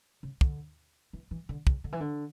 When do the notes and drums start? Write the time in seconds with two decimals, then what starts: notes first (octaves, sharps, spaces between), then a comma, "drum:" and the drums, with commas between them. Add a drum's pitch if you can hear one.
0.23 C#3
0.41 D3, drum: kick
1.13 E3
1.31 E3
1.49 D3
1.67 C#3, drum: kick
1.84 D3
1.92 E3
2.00 D3